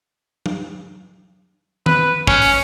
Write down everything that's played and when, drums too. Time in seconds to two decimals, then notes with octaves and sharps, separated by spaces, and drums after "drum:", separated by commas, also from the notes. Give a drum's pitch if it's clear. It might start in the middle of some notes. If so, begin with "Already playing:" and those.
0.46 drum: tom F#3
1.86 B4, drum: tom D#3
2.27 C#4, drum: kick
2.42 drum: open hi-hat